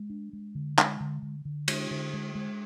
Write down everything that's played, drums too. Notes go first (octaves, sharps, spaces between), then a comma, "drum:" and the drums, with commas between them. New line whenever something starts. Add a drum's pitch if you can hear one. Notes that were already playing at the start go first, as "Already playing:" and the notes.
Already playing: G#3
D4
G#3
D3
G#3, drum: clap
D3
D3
D3
G#3, drum: cymbal
D3
G#3
G#3